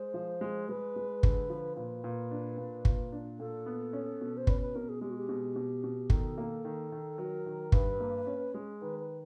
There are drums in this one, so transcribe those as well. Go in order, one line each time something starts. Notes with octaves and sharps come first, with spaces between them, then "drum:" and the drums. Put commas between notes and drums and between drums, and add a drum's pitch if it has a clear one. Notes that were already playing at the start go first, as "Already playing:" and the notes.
Already playing: G#3 C5
F3
G#3
G#3 B4
G#3
D3, drum: kick
F3
A#2 B4
A#2
D4
A#2
A#2, drum: kick
D4
A#2 A4
B3
C#4
B2
C5
C#4 B4, drum: kick
B4
B2 A#4
G#4
G#3 G4
F#4
G4
B2
B2
B2
D#3 A4, drum: kick
A#3
D#3
D#3
F#3 A#4
D#3
G2 B4, drum: kick
A#3
C#4
G#3
D#3 B4
B4